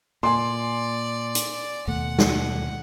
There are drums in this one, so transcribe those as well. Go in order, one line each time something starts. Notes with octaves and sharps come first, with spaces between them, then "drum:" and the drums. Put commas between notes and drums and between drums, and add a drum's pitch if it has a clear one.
A#2 D5 G#5 C6
drum: hi-hat
D#2 B2 A3 F#5
drum: snare